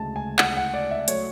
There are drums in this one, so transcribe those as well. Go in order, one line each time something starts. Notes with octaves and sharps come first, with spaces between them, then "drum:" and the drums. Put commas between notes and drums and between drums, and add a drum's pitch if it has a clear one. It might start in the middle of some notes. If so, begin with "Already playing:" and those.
Already playing: D2 C#3 G#3 A5
G#5
F#5, drum: clap
F#5
D5
E5
F#3 A3 C#5, drum: hi-hat